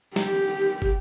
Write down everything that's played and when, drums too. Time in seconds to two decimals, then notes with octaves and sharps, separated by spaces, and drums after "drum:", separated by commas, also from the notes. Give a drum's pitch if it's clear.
0.16 G4, drum: snare
0.82 drum: kick